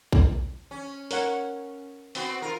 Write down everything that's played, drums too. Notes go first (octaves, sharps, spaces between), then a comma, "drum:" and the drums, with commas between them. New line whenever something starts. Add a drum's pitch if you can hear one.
drum: kick A#1
C#4
A#4 C#5 F#5, drum: open hi-hat
B3 C4 F#4, drum: open hi-hat
F4 A#4